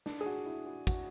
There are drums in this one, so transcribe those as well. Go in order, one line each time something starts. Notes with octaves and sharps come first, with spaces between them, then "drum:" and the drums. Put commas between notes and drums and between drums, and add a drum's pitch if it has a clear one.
D4, drum: snare
G#4
F#4
E4
F#4
F#4, drum: kick, tambourine